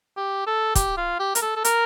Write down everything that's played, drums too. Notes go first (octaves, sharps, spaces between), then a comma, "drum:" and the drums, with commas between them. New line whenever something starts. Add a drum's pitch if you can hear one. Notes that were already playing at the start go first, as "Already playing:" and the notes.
G4
A4
G4, drum: kick, hi-hat
F4
G4
A#4, drum: hi-hat
A4
A4
A#4, drum: hi-hat